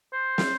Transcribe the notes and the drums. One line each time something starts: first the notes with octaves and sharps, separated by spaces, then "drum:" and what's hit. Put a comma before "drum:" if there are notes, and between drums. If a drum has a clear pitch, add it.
C5
drum: snare